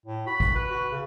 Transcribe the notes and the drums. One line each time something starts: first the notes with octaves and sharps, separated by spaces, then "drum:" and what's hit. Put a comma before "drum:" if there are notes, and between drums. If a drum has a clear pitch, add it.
A2
F#4 B5
drum: kick
B4
F#4
C#3